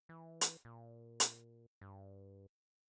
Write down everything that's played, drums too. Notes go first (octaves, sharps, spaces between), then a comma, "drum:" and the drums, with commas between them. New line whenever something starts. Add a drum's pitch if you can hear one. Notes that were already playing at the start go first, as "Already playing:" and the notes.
E3
drum: hi-hat
A#2
drum: hi-hat
G2